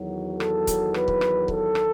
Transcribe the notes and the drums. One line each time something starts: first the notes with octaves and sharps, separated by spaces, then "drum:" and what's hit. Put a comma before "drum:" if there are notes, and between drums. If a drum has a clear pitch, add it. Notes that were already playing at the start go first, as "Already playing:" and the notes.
Already playing: E2 D#3 F#3
A4, drum: rim click
drum: kick C#1, hi-hat
B4, drum: rim click
drum: kick C#1
drum: rim click
A4, drum: kick C#1
drum: rim click